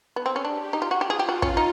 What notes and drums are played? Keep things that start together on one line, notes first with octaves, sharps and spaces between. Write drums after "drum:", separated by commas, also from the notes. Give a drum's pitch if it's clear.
B3 G#4
C4
C#4
D4 G4
D#4 F#4
F4
F#4
F4 G4
G#4
G4
F#4
C#4, drum: kick
D#4